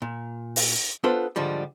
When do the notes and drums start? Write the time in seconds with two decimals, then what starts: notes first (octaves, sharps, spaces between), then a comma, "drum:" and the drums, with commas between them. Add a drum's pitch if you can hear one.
0.02 A#2
0.56 drum: open hi-hat
1.04 B3 D4 F4 A4 B4 C5
1.36 G#2 D3 F3 G3